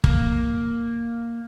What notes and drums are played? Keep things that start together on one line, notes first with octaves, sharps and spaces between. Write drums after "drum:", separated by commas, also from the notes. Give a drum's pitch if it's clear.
A#3, drum: kick